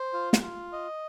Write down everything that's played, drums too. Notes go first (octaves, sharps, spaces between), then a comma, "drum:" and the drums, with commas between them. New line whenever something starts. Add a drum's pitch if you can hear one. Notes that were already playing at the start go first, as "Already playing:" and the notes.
Already playing: C5
F4
drum: snare
F4
D#5